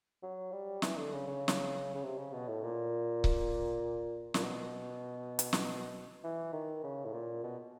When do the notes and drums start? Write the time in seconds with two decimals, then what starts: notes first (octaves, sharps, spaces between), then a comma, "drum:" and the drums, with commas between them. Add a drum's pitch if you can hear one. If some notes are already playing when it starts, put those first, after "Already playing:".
0.23 F#3
0.52 G3
0.82 E3, drum: snare
0.98 D3
1.13 C#3
1.27 C#3
1.48 drum: snare
1.95 C#3
2.03 C3
2.17 C#3
2.33 B2
2.48 A2
2.63 A#2
3.24 drum: kick C#1
4.34 A#2, drum: snare
4.43 B2
5.39 drum: hi-hat
5.53 drum: snare
6.24 E3
6.53 D#3
6.84 C#3
7.05 A2
7.13 A#2
7.43 B2